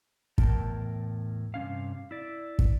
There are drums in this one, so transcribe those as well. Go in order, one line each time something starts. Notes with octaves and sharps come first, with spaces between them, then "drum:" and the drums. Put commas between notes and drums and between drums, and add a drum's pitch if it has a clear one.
E2 A2 A#4 G5 A5, drum: kick
G2 C3 C#4 F5
E4 D5
drum: kick